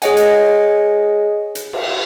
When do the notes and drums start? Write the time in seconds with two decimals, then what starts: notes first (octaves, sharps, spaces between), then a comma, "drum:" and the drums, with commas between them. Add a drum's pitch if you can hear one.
0.02 G#4 C#5 D#5 F#5 G#5, drum: hi-hat
0.17 drum: hi-hat
1.55 drum: hi-hat
1.73 drum: cymbal